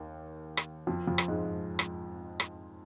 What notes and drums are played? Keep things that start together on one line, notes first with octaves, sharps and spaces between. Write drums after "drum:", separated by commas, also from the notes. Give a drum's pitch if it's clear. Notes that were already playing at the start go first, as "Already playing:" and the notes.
Already playing: D#2 D#3
drum: rim click
F2 F3
F2 F3
drum: rim click
G#2 G#3
drum: rim click
drum: rim click